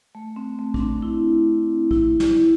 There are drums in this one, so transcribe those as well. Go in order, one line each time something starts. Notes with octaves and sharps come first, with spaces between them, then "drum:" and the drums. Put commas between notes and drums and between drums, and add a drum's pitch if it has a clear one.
A3
C4
A3
D4, drum: kick
C4
E4
E4, drum: kick
E4, drum: snare